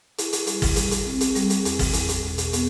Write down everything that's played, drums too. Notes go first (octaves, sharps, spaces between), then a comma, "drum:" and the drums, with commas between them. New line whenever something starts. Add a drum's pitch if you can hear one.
E4, drum: hi-hat
drum: hi-hat
G3, drum: hi-hat
drum: kick, open hi-hat
G3, drum: hi-hat
drum: hi-hat
C4
drum: hi-hat
G3, drum: hi-hat
drum: hi-hat
E2, drum: hi-hat
drum: kick, open hi-hat
E2, drum: hi-hat
drum: hi-hat
B2
drum: hi-hat
B3, drum: hi-hat